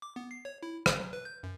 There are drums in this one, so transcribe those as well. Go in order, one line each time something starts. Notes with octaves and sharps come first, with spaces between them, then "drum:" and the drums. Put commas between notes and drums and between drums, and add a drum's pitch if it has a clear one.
D6
B3
C7
C#5
E4
A1, drum: rim click
F#3
B4
G6
F#2